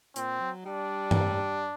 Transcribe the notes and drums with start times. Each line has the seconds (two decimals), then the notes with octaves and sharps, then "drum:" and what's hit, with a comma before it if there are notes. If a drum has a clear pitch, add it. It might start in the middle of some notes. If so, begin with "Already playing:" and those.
0.16 A#2 C4, drum: hi-hat
0.40 F#3
0.65 G3 D4
1.11 drum: tom G2